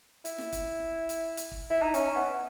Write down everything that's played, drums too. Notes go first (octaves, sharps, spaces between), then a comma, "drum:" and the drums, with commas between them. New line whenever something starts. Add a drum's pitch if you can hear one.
E4, drum: hi-hat
drum: snare
drum: kick, hi-hat
drum: hi-hat
drum: hi-hat
drum: kick
E4
D#4
C#4, drum: hi-hat
B3